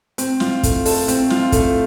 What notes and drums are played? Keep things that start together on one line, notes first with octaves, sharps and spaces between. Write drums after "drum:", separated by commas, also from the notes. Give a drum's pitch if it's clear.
C4, drum: hi-hat
F4, drum: snare
A3, drum: kick, hi-hat
A4, drum: open hi-hat
C4, drum: hi-hat
F4, drum: snare
A3, drum: kick, hi-hat